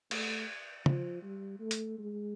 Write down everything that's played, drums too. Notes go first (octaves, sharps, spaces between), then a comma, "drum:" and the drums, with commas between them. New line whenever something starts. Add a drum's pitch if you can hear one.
A3, drum: cymbal
F3, drum: tom
G3
A3
drum: hi-hat
G#3